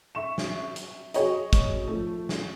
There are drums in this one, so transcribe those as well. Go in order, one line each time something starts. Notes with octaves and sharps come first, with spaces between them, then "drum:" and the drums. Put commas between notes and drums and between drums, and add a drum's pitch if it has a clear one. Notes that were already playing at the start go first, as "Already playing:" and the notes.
E5 C#6 E7
drum: snare
drum: hi-hat
F#3 G#4 C#5 D#5, drum: hi-hat
drum: kick, hi-hat
F3 A3
drum: snare